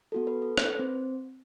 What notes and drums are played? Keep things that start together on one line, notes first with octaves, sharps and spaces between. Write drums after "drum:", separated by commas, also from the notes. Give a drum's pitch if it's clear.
B3 F#4 A4
B4
A4
B4, drum: rim click
C4 C5